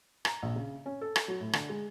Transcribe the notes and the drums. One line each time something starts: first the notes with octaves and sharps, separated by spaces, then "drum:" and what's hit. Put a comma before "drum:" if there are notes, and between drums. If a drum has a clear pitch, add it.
A#5, drum: rim click
A#1
C#3
C#4
A4
drum: rim click
F#3
A2
D3, drum: rim click
G#3